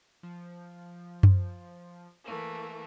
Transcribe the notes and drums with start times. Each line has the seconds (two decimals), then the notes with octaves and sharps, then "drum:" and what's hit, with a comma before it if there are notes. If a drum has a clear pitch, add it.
0.23 F3
1.23 drum: tom F#2
2.25 E3 A3 A#3